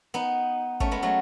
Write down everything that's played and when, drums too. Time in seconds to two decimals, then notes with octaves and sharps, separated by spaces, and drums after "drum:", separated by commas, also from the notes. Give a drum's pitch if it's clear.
0.14 B3 D#4
0.80 A3 C#4, drum: kick
0.91 G#3 B3
1.03 F#3 A3